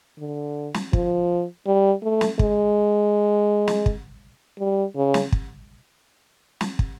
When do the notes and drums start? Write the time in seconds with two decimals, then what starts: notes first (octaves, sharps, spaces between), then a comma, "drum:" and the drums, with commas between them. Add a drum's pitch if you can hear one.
0.19 D3
0.74 drum: snare
0.93 F3, drum: kick
1.67 G3
2.03 A3
2.21 drum: snare
2.39 G#3, drum: kick
3.68 drum: snare
3.86 drum: kick
4.59 G3
4.96 C#3
5.14 drum: snare
5.32 drum: kick
6.61 drum: snare
6.79 drum: kick